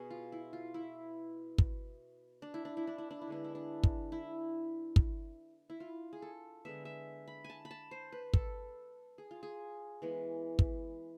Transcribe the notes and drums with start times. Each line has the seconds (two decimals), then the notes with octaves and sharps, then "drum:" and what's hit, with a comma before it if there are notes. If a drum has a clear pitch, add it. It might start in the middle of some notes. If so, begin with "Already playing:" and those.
Already playing: B2 B3 G#4
0.10 F4
0.32 E4
0.53 F4
0.74 E4
1.58 drum: kick
2.42 D4
2.54 E4
2.65 D4
2.77 E4
2.87 D4
2.98 E4
3.11 D4
3.21 E4
3.27 D3 G#3 B3 D4
3.44 E4
3.55 D4
3.83 drum: kick
4.12 E4
4.96 drum: kick
5.70 E4
5.80 F4
6.13 G#4
6.22 A4
6.65 D3 G#3 B3 E5
6.85 E5
7.28 B5
7.44 G#5
7.50 A5
7.65 B5
7.71 A5
7.91 C5
8.12 B4
8.33 A4, drum: kick
9.18 G#4
9.31 F4
9.43 G#4
10.02 E3 G#3 B3
10.59 drum: kick